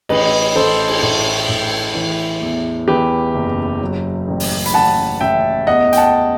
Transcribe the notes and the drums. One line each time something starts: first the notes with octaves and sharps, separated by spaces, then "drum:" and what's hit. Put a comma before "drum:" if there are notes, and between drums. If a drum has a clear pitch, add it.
A1 B4 D#5, drum: cymbal
A1 A4 C5
drum: cymbal
A2
A2
E3
E2
E2 G4 B4
F#1
F#3
A1
drum: open hi-hat
B5, drum: hi-hat
A1 F#5 A5
A1 E5 G5
E2 D#5 F#5
G5, drum: hi-hat
F#5 A5